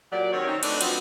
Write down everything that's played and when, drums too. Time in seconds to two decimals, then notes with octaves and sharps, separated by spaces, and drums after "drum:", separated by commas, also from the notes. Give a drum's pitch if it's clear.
0.12 A#2 F#3 G4 D5
0.32 D#3 C4 C#5
0.47 C4 C#4 D#4
0.63 A3 D4 B4 D5, drum: cymbal
0.81 F3 F#3 B3 C4, drum: cymbal